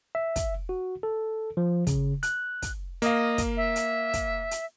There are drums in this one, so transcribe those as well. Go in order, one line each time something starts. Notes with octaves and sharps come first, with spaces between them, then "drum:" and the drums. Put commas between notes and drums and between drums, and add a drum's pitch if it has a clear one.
E5
drum: kick, hi-hat
F#4
A4
F3
C#3, drum: kick, hi-hat
F#6, drum: hi-hat
drum: kick, hi-hat
A#3 D#5 F5, drum: hi-hat
drum: kick, hi-hat
E5
drum: hi-hat
drum: kick, hi-hat
drum: hi-hat